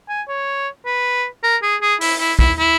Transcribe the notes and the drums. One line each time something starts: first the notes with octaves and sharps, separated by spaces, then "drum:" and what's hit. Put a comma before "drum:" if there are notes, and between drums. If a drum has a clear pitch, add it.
G#5
C#5
B4
A#4
G#4
G#4
E4, drum: open hi-hat
E4
E4, drum: kick
E4